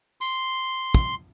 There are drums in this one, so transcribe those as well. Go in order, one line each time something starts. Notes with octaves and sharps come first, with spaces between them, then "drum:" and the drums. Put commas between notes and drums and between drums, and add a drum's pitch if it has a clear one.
C6, drum: tambourine
drum: kick